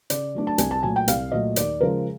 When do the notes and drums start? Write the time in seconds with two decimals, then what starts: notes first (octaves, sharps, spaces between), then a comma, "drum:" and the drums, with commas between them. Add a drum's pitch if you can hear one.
0.10 C#3 D5, drum: hi-hat
0.35 F#3 A3 D4
0.47 A5
0.58 C2 G#5, drum: hi-hat
0.71 A5
0.83 A#2 F#3 A3 G#5
0.96 G5
1.08 C2 F5, drum: hi-hat
1.32 A#2 F#3 A3 D#5
1.56 D#2 D5, drum: hi-hat
1.81 C#3 F3 G#3 A#4